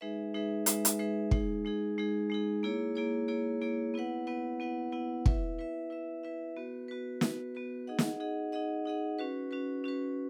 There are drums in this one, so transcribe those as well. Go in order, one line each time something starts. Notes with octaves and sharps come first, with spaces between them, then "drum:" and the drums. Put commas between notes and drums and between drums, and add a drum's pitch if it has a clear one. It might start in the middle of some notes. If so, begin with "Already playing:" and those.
G#3 D#4 G#4 B4 E5
G#3 D#4 G#4 B4 E5
G#3 D#4 G#4 B4 E5, drum: hi-hat
drum: hi-hat
G#3 D#4 G#4 B4 E5
G#3 D#4 G#4, drum: kick
G#3 D#4 G#4
G#3 D#4 G#4
G#3 D#4 G#4
A#3 E4 G#4 C#5
A#3 E4 G#4 C#5
A#3 E4 G#4 C#5
A#3 E4 G#4 C#5
B3 E4 B4 F#5
B3 E4 B4 F#5
B3 E4 B4 F#5
B3 E4 B4 F#5
E4 B4 E5, drum: kick
E4 B4 E5
E4 B4 E5
E4 B4 E5
B3 F#4 B4
B3 F#4 B4
B3 F#4 B4, drum: snare
B3 F#4 B4
D#4 G#4 D#5 F#5
drum: snare
D#4 G#4 D#5 F#5
D#4 G#4 D#5 F#5
D#4 G#4 D#5 F#5
C#4 F#4 B4
C#4 F#4 B4
C#4 F#4 B4